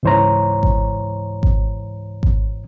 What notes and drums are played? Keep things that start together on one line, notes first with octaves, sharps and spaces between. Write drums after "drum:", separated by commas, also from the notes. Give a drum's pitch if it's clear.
C#2 G#2 E3 C5 C#5 A#5
drum: kick G#1
drum: kick G#1
drum: kick G#1